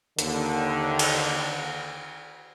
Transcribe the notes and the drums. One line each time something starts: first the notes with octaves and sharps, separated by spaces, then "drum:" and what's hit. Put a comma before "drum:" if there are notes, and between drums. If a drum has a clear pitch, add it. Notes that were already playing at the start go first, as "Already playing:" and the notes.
D#2 D3, drum: hi-hat
drum: cymbal